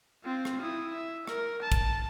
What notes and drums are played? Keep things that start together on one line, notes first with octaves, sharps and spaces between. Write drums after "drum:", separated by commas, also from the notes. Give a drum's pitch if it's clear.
C4 F4
drum: rim click
E4 D#6
E5
A#4, drum: rim click
A5
drum: kick, hi-hat